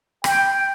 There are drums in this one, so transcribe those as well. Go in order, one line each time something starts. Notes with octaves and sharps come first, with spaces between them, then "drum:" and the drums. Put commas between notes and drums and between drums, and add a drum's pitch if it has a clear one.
G5, drum: rim click